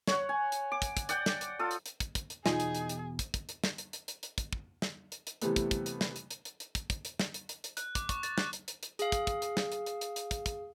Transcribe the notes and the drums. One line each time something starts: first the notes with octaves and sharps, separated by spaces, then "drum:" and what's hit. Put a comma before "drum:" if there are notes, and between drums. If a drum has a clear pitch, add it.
C#5 F#5, drum: snare
G#5
drum: hi-hat
D6
drum: kick, hi-hat
drum: kick, hi-hat
D5 F#5 G5, drum: hi-hat
drum: snare
drum: hi-hat
F4 A4 D#6
drum: hi-hat
drum: hi-hat
drum: kick, hi-hat
drum: kick, hi-hat
drum: hi-hat
E2 B2 D#4 F4 G#4 G#5, drum: snare
drum: hi-hat
drum: hi-hat
drum: hi-hat
drum: kick, hi-hat
drum: kick, hi-hat
drum: hi-hat
drum: snare
drum: hi-hat
drum: hi-hat
drum: hi-hat
drum: hi-hat
drum: kick, hi-hat
drum: kick
drum: snare
drum: hi-hat
drum: hi-hat
C3 E3 G3 A3 B3, drum: hi-hat
drum: kick, hi-hat
drum: kick, hi-hat
drum: hi-hat
drum: snare
drum: hi-hat
drum: hi-hat
drum: hi-hat
drum: hi-hat
drum: kick, hi-hat
drum: kick, hi-hat
drum: hi-hat
drum: snare
drum: hi-hat
drum: hi-hat
drum: hi-hat
F#6, drum: hi-hat
D6, drum: kick, hi-hat
C#6, drum: kick, hi-hat
A6, drum: hi-hat
F#6, drum: snare
drum: hi-hat
drum: hi-hat
drum: hi-hat
G#4 F5, drum: hi-hat
drum: kick, hi-hat
drum: kick, hi-hat
drum: hi-hat
drum: snare
drum: hi-hat
drum: hi-hat
drum: hi-hat
drum: hi-hat
drum: kick, hi-hat
drum: kick, hi-hat